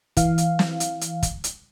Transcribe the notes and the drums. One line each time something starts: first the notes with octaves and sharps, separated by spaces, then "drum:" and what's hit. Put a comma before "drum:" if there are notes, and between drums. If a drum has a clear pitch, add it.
E3 F5, drum: kick, hi-hat
drum: hi-hat
drum: snare
drum: hi-hat
drum: hi-hat
drum: kick, hi-hat
drum: hi-hat